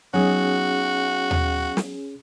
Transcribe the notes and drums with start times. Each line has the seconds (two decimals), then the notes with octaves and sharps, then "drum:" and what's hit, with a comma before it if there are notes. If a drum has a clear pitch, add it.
0.14 F#3 B3 C#4 D#4 F#4 G#4
1.31 drum: tom D#2
1.77 drum: snare